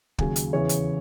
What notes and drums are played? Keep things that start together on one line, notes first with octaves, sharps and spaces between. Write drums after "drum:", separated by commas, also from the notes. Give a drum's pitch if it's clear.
D#2 C#3 F#3 G#5, drum: kick
drum: hi-hat
E2 C#3 E3 C#5
drum: hi-hat